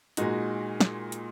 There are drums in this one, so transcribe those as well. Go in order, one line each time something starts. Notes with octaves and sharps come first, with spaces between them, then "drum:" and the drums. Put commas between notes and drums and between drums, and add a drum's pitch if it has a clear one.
A#2 G#3 D#4 F#4, drum: hi-hat
drum: snare
drum: hi-hat